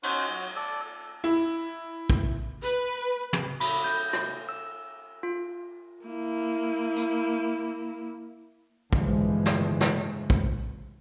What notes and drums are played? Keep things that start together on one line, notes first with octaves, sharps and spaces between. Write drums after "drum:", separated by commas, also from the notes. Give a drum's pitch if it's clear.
C#4 D#4 F#4 C5, drum: cymbal
F#3
A4 D5
A4
E4
drum: kick
B4, drum: hi-hat
drum: tom
B5, drum: cymbal
G6, drum: hi-hat
drum: rim click
E6
F4
A#3 E4
drum: hi-hat
G2 B2 D3 E3 F3 G#3, drum: kick
drum: snare
drum: snare
drum: kick